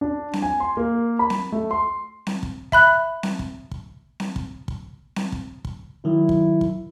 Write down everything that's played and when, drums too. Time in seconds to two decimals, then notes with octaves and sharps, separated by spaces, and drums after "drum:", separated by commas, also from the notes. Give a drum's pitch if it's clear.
0.01 D4
0.33 drum: snare C4
0.42 G#5
0.60 C6
0.77 A#3
1.19 B5
1.30 drum: snare C4
1.52 A3
1.71 C6
2.27 drum: snare C4
2.43 drum: kick
2.72 E5 B5 F#6, drum: kick
3.23 drum: snare C4
3.39 drum: kick
3.71 drum: kick
4.20 drum: snare C4
4.36 drum: kick
4.68 drum: kick
5.16 drum: snare C4
5.32 drum: kick
5.65 drum: kick
6.05 D#3 F#3 E4
6.29 drum: kick
6.61 drum: kick